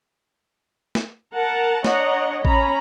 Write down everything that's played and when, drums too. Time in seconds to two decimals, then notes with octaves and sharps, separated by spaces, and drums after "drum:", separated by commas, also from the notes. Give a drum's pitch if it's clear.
0.95 drum: snare
1.34 A#4 F#5 A5 A#5
1.84 D4 C#5 D#5 F#5 A#5, drum: snare
2.45 C#4 A#5 B5, drum: kick A1